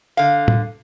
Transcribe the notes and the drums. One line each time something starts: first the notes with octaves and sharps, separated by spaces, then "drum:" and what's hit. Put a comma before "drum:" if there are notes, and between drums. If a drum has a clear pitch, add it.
D3 F5
drum: tom